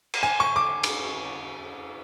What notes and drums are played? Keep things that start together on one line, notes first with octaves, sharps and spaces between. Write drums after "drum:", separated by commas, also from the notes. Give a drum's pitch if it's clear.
drum: cymbal
G#5
C#6
D6
drum: cymbal